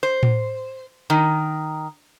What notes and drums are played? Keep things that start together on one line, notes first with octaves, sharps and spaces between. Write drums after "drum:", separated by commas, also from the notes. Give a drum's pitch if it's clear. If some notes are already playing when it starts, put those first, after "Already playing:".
C5
drum: tom A2
D#3